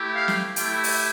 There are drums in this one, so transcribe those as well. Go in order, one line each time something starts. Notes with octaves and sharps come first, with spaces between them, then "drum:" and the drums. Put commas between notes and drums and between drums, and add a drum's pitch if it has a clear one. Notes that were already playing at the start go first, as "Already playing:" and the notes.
Already playing: A3 E4 G4
F5
drum: snare
A3 E4 G4 G5, drum: hi-hat
drum: open hi-hat